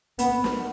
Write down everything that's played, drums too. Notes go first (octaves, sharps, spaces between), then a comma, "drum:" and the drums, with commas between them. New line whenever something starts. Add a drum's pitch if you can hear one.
B3, drum: hi-hat
drum: snare